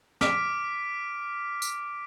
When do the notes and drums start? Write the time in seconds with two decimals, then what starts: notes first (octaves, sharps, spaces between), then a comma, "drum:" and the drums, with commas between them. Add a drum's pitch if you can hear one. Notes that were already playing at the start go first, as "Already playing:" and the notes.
0.21 D6 F6 B6 D7, drum: snare
1.62 drum: tambourine